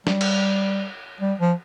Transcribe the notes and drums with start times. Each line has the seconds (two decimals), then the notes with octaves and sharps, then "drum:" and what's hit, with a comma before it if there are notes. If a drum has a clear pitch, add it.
0.07 G3, drum: snare
0.21 drum: cymbal
1.20 G3
1.40 F3